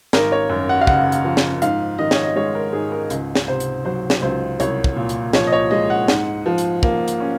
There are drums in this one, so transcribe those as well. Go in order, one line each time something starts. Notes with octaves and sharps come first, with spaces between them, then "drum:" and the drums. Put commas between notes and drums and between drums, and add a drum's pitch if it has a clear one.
G#1 A#4, drum: snare
C#5
F#2
F#5
F5
C#3 F#5, drum: kick
drum: hi-hat
F3
drum: snare
G#2 F5, drum: hi-hat
D#3 D#5
C#5, drum: snare
D#5
G#3 C#5
A#4
G#2 G#4
A#4
C#2, drum: hi-hat
drum: snare
C3 C5
drum: hi-hat
F#3 C5
drum: snare
C#2 C5
C2 C#5, drum: hi-hat
drum: kick
A#2
drum: hi-hat
F3 C#5, drum: snare
D#5
C#5
G#3 D#5
F#5
G#2, drum: snare
F3
drum: hi-hat
A#3, drum: kick
drum: hi-hat
C#4